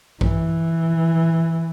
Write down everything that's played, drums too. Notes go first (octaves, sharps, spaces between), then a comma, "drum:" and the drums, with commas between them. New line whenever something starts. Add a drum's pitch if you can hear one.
E3, drum: kick A#1